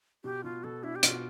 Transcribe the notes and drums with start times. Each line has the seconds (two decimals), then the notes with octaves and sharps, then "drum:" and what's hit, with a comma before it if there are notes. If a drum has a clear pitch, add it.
0.24 B2 G4
0.44 B2 F4
0.64 B2 A4
0.83 D4 E4
0.96 G4
1.03 B2 F4, drum: hi-hat